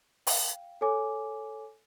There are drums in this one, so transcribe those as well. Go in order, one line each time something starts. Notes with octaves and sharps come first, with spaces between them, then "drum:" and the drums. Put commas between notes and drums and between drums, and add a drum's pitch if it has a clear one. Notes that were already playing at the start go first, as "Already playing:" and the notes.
F5 G5, drum: open hi-hat
A4 C#5 G#5 D6